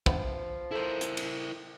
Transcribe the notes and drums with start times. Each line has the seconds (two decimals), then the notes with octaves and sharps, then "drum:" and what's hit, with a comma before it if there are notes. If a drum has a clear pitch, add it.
0.06 G2 C3 F3 B3, drum: kick
0.71 E4 A4 A#4 C5
1.01 drum: hi-hat
1.17 drum: cymbal